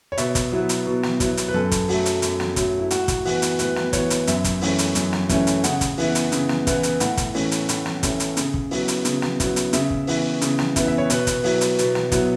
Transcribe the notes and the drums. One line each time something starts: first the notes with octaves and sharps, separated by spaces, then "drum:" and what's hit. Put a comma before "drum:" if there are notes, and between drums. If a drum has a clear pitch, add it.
C#5
B2 E5, drum: hi-hat
drum: kick, hi-hat
F#3 B3 E4
drum: hi-hat
B2
drum: snare
F#3 B3 E4, drum: kick, hi-hat
drum: hi-hat
B4
F#2 A4
drum: kick, hi-hat
F#3 A3, drum: open hi-hat
drum: hi-hat
F#2, drum: hi-hat
drum: snare
F#3 A3, drum: kick, hi-hat
E4
A2 F#4, drum: hi-hat
drum: kick, hi-hat
E3 B3 F#4, drum: open hi-hat
drum: hi-hat
A2 B4, drum: hi-hat
drum: snare
E3 B3 C#5, drum: kick, hi-hat
drum: hi-hat
F#2 E5, drum: hi-hat
drum: kick, hi-hat
E3 A3 C#4, drum: open hi-hat
drum: hi-hat
F#2, drum: hi-hat
drum: snare
E3 A3 C#4, drum: kick, hi-hat
drum: hi-hat
C#3 F#5, drum: hi-hat
drum: kick, hi-hat
E3 B3 E4, drum: open hi-hat
drum: hi-hat
C#3, drum: hi-hat
drum: snare
E3 B3 E4, drum: kick, hi-hat
drum: hi-hat
A2 F#5, drum: hi-hat
drum: kick, hi-hat
E3 A3 C#4, drum: open hi-hat
drum: hi-hat
A2, drum: hi-hat
drum: snare
E3 A3 C#4, drum: kick, hi-hat
drum: hi-hat
C#3, drum: hi-hat
drum: kick
F#3 B3 E4, drum: open hi-hat
drum: hi-hat
C#3, drum: hi-hat
drum: snare
F#3 B3 E4, drum: kick, hi-hat
drum: hi-hat
C#3 E5, drum: hi-hat
drum: kick
E3 B3 E4, drum: open hi-hat
C#3, drum: hi-hat
drum: snare
E3 B3 E4, drum: kick, hi-hat
E5
C#5
B2 B4, drum: hi-hat
drum: kick, hi-hat
F#3 B3 E4, drum: open hi-hat
drum: hi-hat
B2, drum: hi-hat
drum: snare
F#3 B3 E4, drum: kick, hi-hat